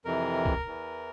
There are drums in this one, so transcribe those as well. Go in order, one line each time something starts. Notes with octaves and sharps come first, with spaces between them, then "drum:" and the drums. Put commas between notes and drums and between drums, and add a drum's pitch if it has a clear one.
F2 C3 E3 A#4
drum: kick
E2 E3